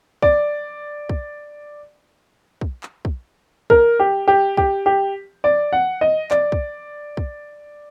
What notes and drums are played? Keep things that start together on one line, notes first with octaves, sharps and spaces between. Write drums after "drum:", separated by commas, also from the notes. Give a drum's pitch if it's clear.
D5, drum: kick
drum: kick
drum: kick
drum: clap
drum: kick
A#4, drum: kick
G4
G4
G4, drum: kick
G4
D5
F#5
D#5
D5, drum: clap
drum: kick
drum: kick